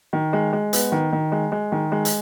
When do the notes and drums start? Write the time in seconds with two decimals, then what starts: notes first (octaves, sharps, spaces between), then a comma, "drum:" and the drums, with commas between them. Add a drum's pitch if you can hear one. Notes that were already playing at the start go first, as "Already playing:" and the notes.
0.13 D#3
0.33 G#3
0.53 G#3
0.73 B3, drum: hi-hat
0.92 D#3
1.12 D#3
1.32 G#3
1.52 G#3
1.72 D#3
1.92 G#3
2.05 drum: hi-hat